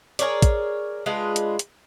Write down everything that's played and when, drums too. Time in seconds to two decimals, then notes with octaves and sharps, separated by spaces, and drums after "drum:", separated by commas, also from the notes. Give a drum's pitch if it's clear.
0.19 G#4 A#4 C#5 D5, drum: hi-hat
0.42 drum: kick, hi-hat
1.06 G#3 D4 F4 B4
1.36 drum: hi-hat
1.59 drum: hi-hat